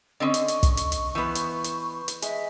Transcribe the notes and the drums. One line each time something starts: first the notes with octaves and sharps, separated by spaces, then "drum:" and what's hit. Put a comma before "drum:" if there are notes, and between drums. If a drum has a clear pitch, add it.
D3 C4 C#4 D#5 C#6 D#6
drum: hi-hat
drum: hi-hat
drum: kick, hi-hat
drum: hi-hat
drum: hi-hat
E3 B3 B4 C5
drum: hi-hat
drum: hi-hat
drum: hi-hat
G#3 D#5 E5, drum: hi-hat